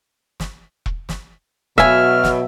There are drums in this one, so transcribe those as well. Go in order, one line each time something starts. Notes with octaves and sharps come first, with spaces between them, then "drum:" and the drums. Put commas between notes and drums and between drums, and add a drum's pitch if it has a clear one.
drum: snare
drum: kick E1
drum: snare
B2 F#3 E5 F5 G#5 F6, drum: kick E1
drum: snare